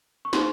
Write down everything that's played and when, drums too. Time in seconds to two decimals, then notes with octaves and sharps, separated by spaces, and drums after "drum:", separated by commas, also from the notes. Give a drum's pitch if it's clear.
0.25 C#6
0.33 D#4 G#4 C5 C6, drum: snare